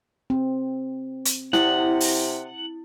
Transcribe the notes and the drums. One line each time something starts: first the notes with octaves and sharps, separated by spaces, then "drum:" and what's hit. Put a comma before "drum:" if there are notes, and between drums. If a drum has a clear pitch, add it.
C4
drum: hi-hat
C3 E4 F#5, drum: snare
drum: open hi-hat